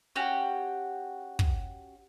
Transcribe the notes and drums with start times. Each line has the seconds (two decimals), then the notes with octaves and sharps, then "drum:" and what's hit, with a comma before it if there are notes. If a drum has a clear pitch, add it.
0.15 C#4 F#4 G4
1.39 drum: kick